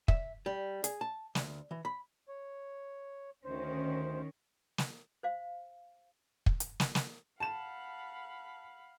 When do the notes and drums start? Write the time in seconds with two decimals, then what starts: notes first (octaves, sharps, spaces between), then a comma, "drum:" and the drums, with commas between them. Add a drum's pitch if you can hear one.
0.08 E5, drum: kick
0.46 G3
0.84 G#4, drum: hi-hat
1.01 A5
1.35 D2, drum: snare
1.71 E3
1.85 B5
2.29 C#5
3.45 D2 D#3 C#4 C5
4.78 drum: snare
5.23 C5 F5
6.46 drum: kick
6.60 drum: hi-hat
6.80 drum: snare
6.95 drum: snare
7.40 F5 F#5 A5 B5 E7